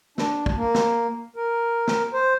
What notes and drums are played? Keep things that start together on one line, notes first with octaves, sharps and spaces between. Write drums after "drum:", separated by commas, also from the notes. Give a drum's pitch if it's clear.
D4, drum: snare
drum: kick
A#3
drum: snare
A#4
drum: snare
C5